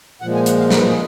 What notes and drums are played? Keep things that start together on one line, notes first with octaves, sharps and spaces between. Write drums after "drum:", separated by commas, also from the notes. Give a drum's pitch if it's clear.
A#2 F3 G#3 F#5
G#5
F#5, drum: hi-hat
F5
A#4, drum: snare
B4
G#4